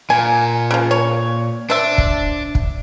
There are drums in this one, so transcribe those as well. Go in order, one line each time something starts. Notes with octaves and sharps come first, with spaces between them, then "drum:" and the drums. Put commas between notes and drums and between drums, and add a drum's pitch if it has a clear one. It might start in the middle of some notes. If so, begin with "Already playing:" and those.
A#2 G#5
C#3 F3
C#5
D4 C5 E5
drum: kick
drum: kick